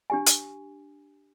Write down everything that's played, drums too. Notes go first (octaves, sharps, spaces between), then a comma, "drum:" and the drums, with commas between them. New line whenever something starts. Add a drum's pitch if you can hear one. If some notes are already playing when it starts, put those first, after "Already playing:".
D4 G4 G#5
drum: hi-hat